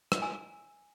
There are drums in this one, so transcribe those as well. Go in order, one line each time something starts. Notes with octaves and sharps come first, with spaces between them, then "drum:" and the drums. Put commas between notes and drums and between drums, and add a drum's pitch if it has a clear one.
drum: rim click
G#5 A#5 E6